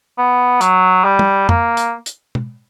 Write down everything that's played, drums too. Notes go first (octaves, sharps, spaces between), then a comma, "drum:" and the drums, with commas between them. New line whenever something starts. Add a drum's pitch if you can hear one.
B3
F#3, drum: hi-hat
G3
drum: tom
A#3, drum: tom
drum: hi-hat
drum: hi-hat
drum: tom B2